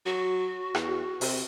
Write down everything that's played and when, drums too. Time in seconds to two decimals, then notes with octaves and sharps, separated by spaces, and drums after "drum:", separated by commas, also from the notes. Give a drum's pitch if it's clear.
0.06 F#3 F#4
0.75 E2, drum: rim click
1.21 C3, drum: open hi-hat